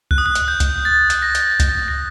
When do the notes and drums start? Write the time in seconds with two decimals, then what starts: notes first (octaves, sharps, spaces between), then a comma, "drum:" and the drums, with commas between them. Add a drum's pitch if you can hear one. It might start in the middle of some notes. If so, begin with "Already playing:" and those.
0.11 F#6, drum: kick C#2
0.18 D#6
0.26 F#6
0.35 drum: hi-hat
0.48 G6
0.60 drum: kick C#2, hi-hat
0.85 A6
1.10 drum: hi-hat
1.22 A#6
1.35 drum: hi-hat
1.60 A6, drum: kick C#2, hi-hat
1.88 A#6